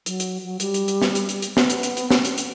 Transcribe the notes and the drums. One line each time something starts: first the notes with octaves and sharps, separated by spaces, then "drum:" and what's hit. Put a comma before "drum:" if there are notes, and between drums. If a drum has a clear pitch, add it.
F#3, drum: hi-hat
drum: hi-hat
F#3
G3, drum: hi-hat
drum: hi-hat
drum: hi-hat
drum: snare
drum: hi-hat
drum: hi-hat
drum: hi-hat
B3, drum: snare
drum: hi-hat
drum: hi-hat
drum: hi-hat
drum: snare
C4, drum: hi-hat
drum: hi-hat